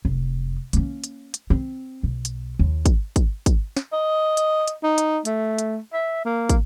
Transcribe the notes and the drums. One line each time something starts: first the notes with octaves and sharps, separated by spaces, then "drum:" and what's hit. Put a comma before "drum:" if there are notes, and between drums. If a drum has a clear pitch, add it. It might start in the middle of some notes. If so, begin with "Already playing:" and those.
F1
A#3 C#4, drum: hi-hat
drum: hi-hat
drum: hi-hat
C4
B1
drum: hi-hat
D#2
drum: kick, hi-hat
drum: kick, hi-hat
drum: kick, hi-hat
drum: snare
D#5
drum: hi-hat
drum: hi-hat
D#4
drum: hi-hat
A3, drum: hi-hat
drum: hi-hat
E5
A#3
drum: kick, hi-hat